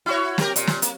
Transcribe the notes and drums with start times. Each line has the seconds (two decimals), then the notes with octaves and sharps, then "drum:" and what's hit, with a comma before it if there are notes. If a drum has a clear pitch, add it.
0.06 E4 F#4 C#5
0.38 A#3 G4 A#4, drum: snare
0.56 A#2, drum: hi-hat
0.67 drum: snare
0.82 A#3, drum: hi-hat